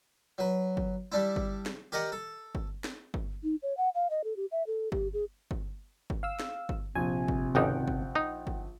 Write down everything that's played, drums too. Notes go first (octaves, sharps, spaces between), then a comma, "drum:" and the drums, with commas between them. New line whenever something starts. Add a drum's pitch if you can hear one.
F#3 B4
drum: kick G1
G3 D4 E4
drum: kick G1
drum: snare
G4 A#4 D5 D#5 F#5
A4
drum: kick G1
drum: snare
drum: kick G1
D#4
C#5
F#5
F5
D#5
A4
G4
E5
A4
G4, drum: kick G1
G#4
drum: kick G1
drum: kick G1
F5 E6
drum: snare
drum: kick G1
A#1 C3 G#5
drum: kick G1
G#1 C#2 D#4 F#5 G5
drum: kick G1
D#4
drum: kick G1